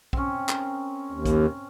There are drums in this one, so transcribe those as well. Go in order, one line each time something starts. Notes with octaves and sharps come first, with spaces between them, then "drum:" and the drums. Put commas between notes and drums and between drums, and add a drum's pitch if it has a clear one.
C4 C#4, drum: kick
A#4, drum: clap
D#2
drum: kick, hi-hat